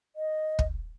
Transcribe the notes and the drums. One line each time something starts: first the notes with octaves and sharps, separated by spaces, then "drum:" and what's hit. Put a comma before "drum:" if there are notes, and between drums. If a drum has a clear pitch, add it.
D#5
drum: kick